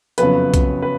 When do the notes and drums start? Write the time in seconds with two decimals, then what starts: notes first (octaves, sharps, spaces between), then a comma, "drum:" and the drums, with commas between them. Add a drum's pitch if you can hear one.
0.18 F#1 F2 C#3 F#3 B3 B4, drum: hi-hat
0.54 drum: kick B1, hi-hat
0.82 B4